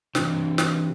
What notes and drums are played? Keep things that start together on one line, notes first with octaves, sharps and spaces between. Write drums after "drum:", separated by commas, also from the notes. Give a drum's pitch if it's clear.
C3 E3, drum: snare
drum: snare